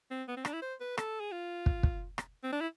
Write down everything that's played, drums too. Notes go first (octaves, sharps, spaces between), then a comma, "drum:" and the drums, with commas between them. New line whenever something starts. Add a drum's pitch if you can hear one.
C4
B3
C4
D4, drum: rim click
E4
C5
B4
A4, drum: rim click
G#4
F4
drum: kick
drum: kick
drum: rim click
C4
D4
E4